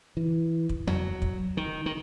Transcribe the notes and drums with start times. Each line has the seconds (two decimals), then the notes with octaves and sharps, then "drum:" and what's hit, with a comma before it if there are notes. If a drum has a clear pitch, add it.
0.17 E3
0.69 drum: kick
0.87 F#3, drum: tom E2
1.22 drum: kick
1.57 D#3
1.86 D#3